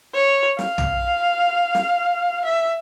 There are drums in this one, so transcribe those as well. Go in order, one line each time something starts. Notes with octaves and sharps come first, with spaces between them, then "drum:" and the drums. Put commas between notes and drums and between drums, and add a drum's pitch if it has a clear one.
C#5
F5, drum: snare
drum: tom
drum: snare
E5